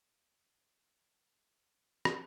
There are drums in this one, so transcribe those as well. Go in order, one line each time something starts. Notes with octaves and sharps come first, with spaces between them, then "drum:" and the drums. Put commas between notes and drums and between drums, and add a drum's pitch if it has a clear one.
G3 F4
A4 D#5 E6
drum: rim click